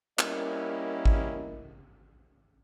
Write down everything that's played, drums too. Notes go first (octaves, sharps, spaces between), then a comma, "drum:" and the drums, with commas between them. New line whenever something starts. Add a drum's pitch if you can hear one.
G3 A#3 C#4 E4 A#4 D#5, drum: clap
drum: kick G#1